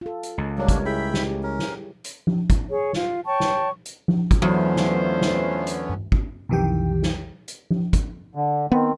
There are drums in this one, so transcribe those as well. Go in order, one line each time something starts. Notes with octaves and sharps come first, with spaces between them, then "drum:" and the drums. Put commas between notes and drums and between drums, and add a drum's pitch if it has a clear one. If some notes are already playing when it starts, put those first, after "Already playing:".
F4 A4
drum: hi-hat
C#2
F#3 G3 A#3 D4 A#4 C#5
drum: kick, hi-hat
E4 G#4 E5 G5 B5
G4, drum: snare
C#4 A#4
drum: snare
drum: hi-hat
drum: tom F3
drum: kick, hi-hat
G#4 C#5
F4, drum: snare
C#5 G5 A5 C#6
drum: snare
drum: hi-hat
drum: tom F3
drum: kick, hi-hat
E2 D3 F#3 A3 B3 C#4 F4 C5
drum: snare
drum: snare
drum: hi-hat
drum: tom G2
drum: kick
B1 F2 D#3 E3 G4 G5
drum: snare
drum: hi-hat
drum: tom F3
drum: kick, hi-hat
D3
D#3 B3 C4